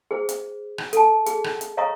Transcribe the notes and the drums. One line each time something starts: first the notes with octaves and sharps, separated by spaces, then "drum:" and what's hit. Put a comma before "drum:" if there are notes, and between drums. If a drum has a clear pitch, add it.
G#4 C5
drum: hi-hat
drum: rim click
A4 A5, drum: hi-hat
G#4, drum: hi-hat
drum: rim click
drum: hi-hat
C#5 D#5 F5 A#5 C#6 D#6